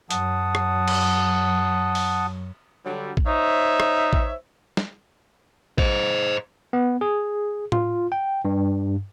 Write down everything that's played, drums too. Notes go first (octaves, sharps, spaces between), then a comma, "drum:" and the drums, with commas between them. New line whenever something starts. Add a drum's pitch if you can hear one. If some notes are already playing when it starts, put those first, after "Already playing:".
F#2 F#3 F#5 A5 D#6, drum: hi-hat
drum: rim click
drum: cymbal
drum: open hi-hat
D3 F#3 G3
drum: kick A1
D#4 C5 C#5 E5
drum: rim click
drum: kick A1
drum: snare
C5 D#5, drum: kick A1
B3
G#4
F4, drum: tom A2
G5
G2